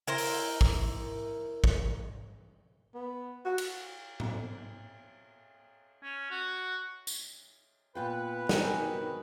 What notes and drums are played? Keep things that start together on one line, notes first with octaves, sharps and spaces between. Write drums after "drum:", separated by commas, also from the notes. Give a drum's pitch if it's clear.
E4 A#4 C5
drum: open hi-hat
drum: kick
drum: kick
B3
F#4
drum: cymbal
drum: tom A2
C#4
F#4
drum: tambourine
A#2 B3 F4 B4 G5
D#3 C4 D#4 F#4 G#4 A#4, drum: snare